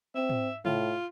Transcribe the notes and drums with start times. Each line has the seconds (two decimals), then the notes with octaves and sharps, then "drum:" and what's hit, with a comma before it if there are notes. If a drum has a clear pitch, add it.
0.15 C4 E5
0.30 drum: tom
0.65 A2 F4, drum: tom